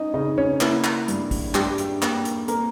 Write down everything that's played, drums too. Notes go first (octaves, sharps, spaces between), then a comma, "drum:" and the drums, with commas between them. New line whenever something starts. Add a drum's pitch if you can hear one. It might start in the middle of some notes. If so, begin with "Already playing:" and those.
Already playing: C#4 D#4 D#5
C#3 D#4 D#5
C#4 C#5
A#3 E4 E5, drum: clap
drum: clap
G2, drum: hi-hat
drum: kick, open hi-hat
G2 G4 G5, drum: clap
drum: hi-hat
A#3, drum: clap
drum: hi-hat
A#3 A#4 A#5, drum: hi-hat